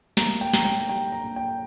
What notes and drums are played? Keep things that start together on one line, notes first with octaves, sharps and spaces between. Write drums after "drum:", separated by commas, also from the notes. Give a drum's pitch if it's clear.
A#3 A#5, drum: snare
G5
A#2 A#5, drum: snare
G5
G3 G5
A#5
A#2
G5